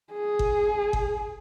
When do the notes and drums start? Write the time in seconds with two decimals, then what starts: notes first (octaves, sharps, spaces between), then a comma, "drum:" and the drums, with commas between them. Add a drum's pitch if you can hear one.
0.12 G#4
0.39 drum: kick G1
0.93 drum: kick G1